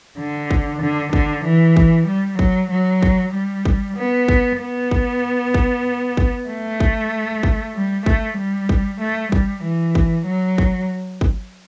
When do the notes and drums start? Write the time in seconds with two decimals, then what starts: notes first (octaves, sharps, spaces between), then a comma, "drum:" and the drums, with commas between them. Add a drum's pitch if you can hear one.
0.19 D3
0.51 drum: kick
0.82 D3
1.13 D3, drum: kick
1.45 E3
1.77 drum: kick
2.08 G3
2.39 F#3, drum: kick
2.71 F#3
3.02 drum: kick
3.34 G3
3.65 drum: kick
3.97 B3
4.28 drum: kick
4.60 B3
4.91 drum: kick
5.54 drum: kick
6.17 drum: kick
6.49 A3
6.80 drum: kick
7.43 drum: kick
7.75 G3
8.06 A3, drum: kick
8.38 G3
8.69 drum: kick
9.01 A3
9.32 G3, drum: kick
9.64 E3
9.95 drum: kick
10.26 F#3
10.58 drum: kick
11.21 drum: kick